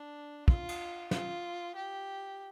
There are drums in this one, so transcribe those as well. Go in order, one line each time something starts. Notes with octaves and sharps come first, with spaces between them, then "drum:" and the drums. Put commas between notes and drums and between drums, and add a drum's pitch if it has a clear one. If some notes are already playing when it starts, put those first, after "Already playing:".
Already playing: D4
F4, drum: kick
drum: cymbal
F4, drum: snare
G4